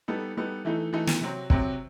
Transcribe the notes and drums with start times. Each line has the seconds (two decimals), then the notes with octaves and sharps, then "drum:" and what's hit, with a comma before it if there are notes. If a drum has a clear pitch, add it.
0.08 G3 B3 D#4 A4
0.37 G3 B3 D#4 A4
0.65 E3 A3 D#4 A4
0.93 E3 A3 D#4 A4
1.07 drum: snare
1.21 C3 F#3 C4
1.50 C3 F#3 C4, drum: kick